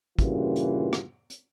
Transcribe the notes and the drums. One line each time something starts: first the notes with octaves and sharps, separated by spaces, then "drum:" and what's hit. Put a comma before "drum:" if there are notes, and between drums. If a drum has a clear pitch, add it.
G2 A#2 C#3 E3 F4 F#4, drum: kick, hi-hat
drum: hi-hat
drum: rim click
drum: hi-hat